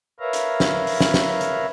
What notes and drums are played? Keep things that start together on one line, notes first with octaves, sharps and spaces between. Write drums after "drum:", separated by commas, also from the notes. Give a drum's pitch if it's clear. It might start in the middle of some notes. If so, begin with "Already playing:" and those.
A#4 B4 C#5 E5 F5 A#5
drum: hi-hat
drum: snare
drum: open hi-hat
drum: snare
drum: snare
drum: hi-hat